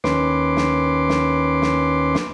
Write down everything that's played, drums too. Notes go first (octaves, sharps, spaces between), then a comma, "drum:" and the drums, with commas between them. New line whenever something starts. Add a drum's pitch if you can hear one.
D#2 C#4 B4 C6 D6, drum: snare
drum: snare
drum: snare
drum: snare
drum: snare